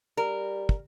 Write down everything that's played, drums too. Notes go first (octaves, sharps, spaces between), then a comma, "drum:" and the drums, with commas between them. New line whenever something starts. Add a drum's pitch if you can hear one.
G3 A#4
drum: kick